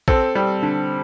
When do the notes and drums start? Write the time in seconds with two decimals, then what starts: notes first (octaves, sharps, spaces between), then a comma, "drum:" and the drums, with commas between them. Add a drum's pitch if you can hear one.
0.08 C4 A4, drum: kick A#1
0.35 G3
0.62 D3